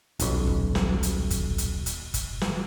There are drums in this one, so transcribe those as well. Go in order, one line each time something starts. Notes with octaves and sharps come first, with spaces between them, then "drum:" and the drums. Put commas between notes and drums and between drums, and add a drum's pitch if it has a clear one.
D#1 B1, drum: hi-hat
drum: kick F#1
drum: snare
drum: hi-hat
drum: kick F#1, hi-hat
drum: hi-hat
drum: hi-hat
drum: kick F#1, hi-hat
drum: snare